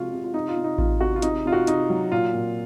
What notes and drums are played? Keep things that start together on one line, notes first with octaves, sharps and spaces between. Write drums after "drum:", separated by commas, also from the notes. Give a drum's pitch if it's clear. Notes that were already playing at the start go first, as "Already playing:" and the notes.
Already playing: C3 F3 G#3 F4 F#4
C3
F4
C3 D#4
F4
C3
D#4
C3 F4, drum: kick A1
C3 F#4
F4
C3 D#4, drum: hi-hat
C3 F4
F#4
C3 D#4, drum: hi-hat
F#3
A#2 F4
A#2